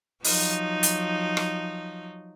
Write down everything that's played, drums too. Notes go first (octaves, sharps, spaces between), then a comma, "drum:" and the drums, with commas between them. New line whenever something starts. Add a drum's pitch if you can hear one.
F3 F#3 D#4, drum: open hi-hat
drum: hi-hat
drum: rim click